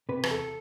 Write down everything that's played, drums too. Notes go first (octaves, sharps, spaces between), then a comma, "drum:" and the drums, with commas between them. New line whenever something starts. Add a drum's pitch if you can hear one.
C3 B4
E2 B4, drum: rim click
A4